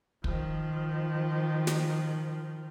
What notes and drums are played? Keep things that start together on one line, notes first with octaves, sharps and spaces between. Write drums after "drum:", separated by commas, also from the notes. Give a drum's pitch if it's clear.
D#3 F3, drum: kick
drum: snare